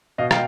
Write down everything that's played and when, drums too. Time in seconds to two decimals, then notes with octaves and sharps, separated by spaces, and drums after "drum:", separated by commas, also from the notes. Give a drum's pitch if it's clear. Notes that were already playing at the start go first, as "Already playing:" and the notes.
0.18 B2 D#5 F5
0.31 F5 G5, drum: rim click